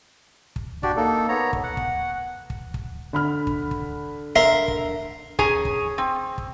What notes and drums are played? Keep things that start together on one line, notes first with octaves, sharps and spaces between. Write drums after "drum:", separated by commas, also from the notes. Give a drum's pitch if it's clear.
drum: kick
D4 F#4 G4 D5, drum: kick
A#3 D#4 A4
B3 C#5 A#5
drum: kick
F#5
drum: kick
drum: kick
drum: kick
D3 B5 F6
drum: kick
drum: kick
A#4 E5 C6
drum: kick
C#4 G#4 G#5 A#5, drum: kick
drum: kick
C4
drum: kick